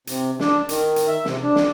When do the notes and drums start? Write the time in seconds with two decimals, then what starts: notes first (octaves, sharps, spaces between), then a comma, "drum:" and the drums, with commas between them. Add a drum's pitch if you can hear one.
0.07 C3, drum: hi-hat
0.40 D4, drum: snare
0.69 D#3, drum: hi-hat
0.96 drum: hi-hat
1.08 E5
1.25 C3, drum: snare
1.43 D4
1.55 drum: snare